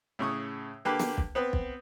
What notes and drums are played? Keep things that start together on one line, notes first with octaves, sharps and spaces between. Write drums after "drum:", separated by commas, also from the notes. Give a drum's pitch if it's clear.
A2 C#3 C#6 D#6
D3 A#3 G4 B4
drum: snare
drum: kick
B3 C4 B4
drum: kick